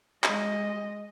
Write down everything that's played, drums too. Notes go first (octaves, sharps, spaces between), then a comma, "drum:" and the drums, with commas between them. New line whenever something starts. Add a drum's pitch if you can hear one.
G#3 D#5, drum: clap